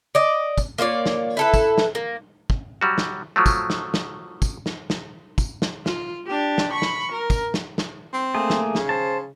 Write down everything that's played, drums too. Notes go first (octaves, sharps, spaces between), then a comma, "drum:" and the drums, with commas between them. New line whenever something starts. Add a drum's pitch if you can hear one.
D5 D#5
drum: kick, tambourine
A#3 F4 C#5 D5
drum: snare
E4 A4 B4
drum: kick, tambourine
drum: snare
A#3
drum: kick
F#3 G3 F#4
drum: snare
F3 F#3 A3
drum: kick, tambourine
drum: snare
drum: snare
drum: kick, tambourine
drum: snare
drum: snare
drum: kick, tambourine
drum: snare
F4, drum: snare
D4 G4
drum: snare
B5 C#6
drum: snare
A#4
drum: kick, tambourine
drum: snare
drum: snare
C4
A3 A#3 G#4
drum: snare
C#3, drum: snare
C5 A5